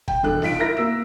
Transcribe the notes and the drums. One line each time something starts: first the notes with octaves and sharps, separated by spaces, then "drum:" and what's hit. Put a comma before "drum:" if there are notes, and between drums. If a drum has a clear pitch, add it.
G5, drum: kick
E1 D4 A4 F#6
B1 F4 B6 D7, drum: snare
E4 A#4 A#6
A#3 E6